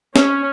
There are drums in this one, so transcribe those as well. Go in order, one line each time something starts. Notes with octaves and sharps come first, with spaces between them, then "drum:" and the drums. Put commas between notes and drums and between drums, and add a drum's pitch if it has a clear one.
C#4, drum: snare